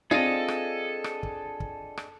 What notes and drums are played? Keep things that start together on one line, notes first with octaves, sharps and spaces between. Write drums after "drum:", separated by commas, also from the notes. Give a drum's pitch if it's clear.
C4 D4 F4 G#4 A4 D5 D#5 F5
drum: rim click
drum: rim click
drum: kick
drum: kick
drum: rim click